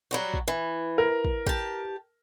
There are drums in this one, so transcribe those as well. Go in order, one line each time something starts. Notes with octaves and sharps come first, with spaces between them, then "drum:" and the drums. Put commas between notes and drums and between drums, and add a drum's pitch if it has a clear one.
F#3 G3 F#4
drum: kick
E3
A#4
drum: kick
G4 A5, drum: kick